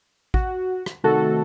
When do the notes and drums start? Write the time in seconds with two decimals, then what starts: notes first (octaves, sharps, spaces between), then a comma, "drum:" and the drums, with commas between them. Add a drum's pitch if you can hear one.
0.34 F#4, drum: kick A1
0.86 drum: rim click
1.04 C3 D#3 A3 F#4 A4